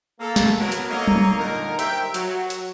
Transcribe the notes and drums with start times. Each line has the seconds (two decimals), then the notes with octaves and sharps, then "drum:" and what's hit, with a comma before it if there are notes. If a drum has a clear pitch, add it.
0.20 A#3 A4
0.36 drum: snare
0.60 F#3 B3 A#4
0.72 drum: hi-hat
0.90 A#3 D#4 A4 A#4 C#5 D#5
1.07 drum: tom F#3
1.39 A#2 D3 D#4 A#4
1.79 G4 A#4 C5 E5 G5, drum: hi-hat
2.14 F#3, drum: hi-hat
2.50 drum: hi-hat